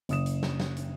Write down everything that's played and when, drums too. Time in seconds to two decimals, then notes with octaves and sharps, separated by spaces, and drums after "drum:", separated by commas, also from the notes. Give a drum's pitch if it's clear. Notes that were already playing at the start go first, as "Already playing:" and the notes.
0.09 F#1 D#6 E7, drum: hi-hat
0.26 drum: hi-hat
0.43 drum: snare
0.60 drum: snare
0.77 drum: hi-hat